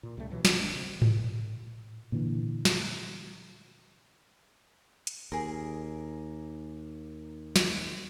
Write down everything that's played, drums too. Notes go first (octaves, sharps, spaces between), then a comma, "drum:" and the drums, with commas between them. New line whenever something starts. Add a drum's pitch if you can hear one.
A#2
C#2 C3 G3 A3
B2 E3 F#3
G3 D4, drum: snare
G#1 D#3 G#3 D4
C3 G#3
drum: tom G#2
A#2 D3 E3
drum: snare
drum: hi-hat
D#2 G#4 A#4
drum: snare